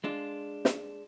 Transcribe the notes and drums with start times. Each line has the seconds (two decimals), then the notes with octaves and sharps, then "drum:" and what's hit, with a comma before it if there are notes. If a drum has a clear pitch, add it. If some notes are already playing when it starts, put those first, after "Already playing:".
0.04 G#3 D4 F4
0.65 drum: snare